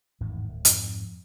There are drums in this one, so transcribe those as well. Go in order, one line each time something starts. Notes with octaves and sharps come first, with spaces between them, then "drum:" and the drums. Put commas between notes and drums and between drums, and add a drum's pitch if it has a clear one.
G#1 E2 A2 D#3
D1
F2 G#2, drum: hi-hat